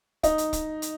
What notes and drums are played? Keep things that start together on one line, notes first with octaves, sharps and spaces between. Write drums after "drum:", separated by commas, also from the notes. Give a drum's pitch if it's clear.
D#4, drum: kick, hi-hat
drum: hi-hat
drum: kick, hi-hat
drum: hi-hat